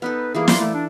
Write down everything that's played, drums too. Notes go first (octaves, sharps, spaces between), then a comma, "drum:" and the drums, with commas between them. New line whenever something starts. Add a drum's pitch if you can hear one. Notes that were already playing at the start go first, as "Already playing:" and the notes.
B3 D#4 A4 B4
E3 G3 A#3 G#4
D5 C6, drum: snare
A3 A4
D4